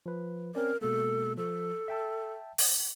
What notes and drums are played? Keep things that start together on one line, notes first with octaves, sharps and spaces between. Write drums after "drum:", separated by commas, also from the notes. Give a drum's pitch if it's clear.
F3 B4
C4 C#4 A#4 D5
B2 G#3 A#3 A4
F3 A4
E5 G5 A5
drum: open hi-hat